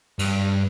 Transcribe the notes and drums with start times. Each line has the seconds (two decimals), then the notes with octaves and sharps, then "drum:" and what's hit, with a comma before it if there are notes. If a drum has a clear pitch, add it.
0.19 G2, drum: cymbal